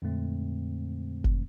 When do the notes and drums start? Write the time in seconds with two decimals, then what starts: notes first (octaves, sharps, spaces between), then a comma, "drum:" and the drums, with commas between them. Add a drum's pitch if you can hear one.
0.02 F2 A#2 D3 G#3 A3 C4
1.24 drum: kick